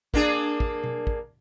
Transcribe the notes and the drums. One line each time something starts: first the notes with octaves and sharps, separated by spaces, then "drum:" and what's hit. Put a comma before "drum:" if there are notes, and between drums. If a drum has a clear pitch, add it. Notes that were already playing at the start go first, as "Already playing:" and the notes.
A#3 D4 G#4, drum: kick
drum: kick
drum: tom B2
drum: kick